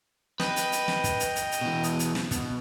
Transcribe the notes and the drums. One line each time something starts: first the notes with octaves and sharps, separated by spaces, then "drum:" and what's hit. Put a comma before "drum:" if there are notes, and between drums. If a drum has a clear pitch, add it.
B4 D#5 G5, drum: snare
drum: hi-hat
drum: hi-hat
drum: snare
drum: kick, hi-hat
drum: hi-hat
drum: hi-hat
drum: hi-hat
B2 E3
drum: hi-hat
drum: hi-hat
drum: snare
B2, drum: kick, hi-hat